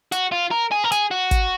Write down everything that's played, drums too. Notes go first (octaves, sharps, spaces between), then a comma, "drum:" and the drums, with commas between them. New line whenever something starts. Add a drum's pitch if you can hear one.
F#4, drum: hi-hat
F4
A#4
G#4
A#4
G#4, drum: hi-hat
F#4
drum: kick, hi-hat